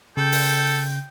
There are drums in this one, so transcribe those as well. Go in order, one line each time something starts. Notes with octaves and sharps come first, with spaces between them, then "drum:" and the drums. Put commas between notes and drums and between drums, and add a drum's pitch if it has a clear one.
C#3 A4 G5 G6
drum: open hi-hat